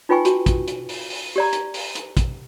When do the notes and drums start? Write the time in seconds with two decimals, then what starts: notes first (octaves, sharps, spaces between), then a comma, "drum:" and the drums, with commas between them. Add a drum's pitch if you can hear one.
0.09 D#4 F4 B4 G5 G#5 C#6
0.25 F#4, drum: hi-hat
0.46 drum: kick, hi-hat
0.68 drum: hi-hat
0.89 drum: open hi-hat
1.10 drum: open hi-hat
1.36 G4 D5 A#5
1.53 drum: hi-hat
1.74 drum: open hi-hat
1.95 drum: hi-hat
2.17 drum: kick, hi-hat